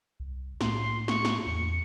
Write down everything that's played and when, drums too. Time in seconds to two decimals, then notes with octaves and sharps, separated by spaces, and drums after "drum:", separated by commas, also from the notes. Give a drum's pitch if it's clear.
0.20 C2
0.61 A2 C6, drum: snare
1.08 C#6, drum: snare
1.25 drum: snare
1.47 E2 C#7